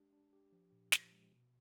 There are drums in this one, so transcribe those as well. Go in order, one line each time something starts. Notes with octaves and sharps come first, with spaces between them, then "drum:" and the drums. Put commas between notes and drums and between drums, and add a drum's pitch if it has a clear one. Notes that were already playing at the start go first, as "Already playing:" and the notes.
Already playing: G#3 D4 G4
D4
G4
F3
A#2
F3, drum: snare
G#3
B2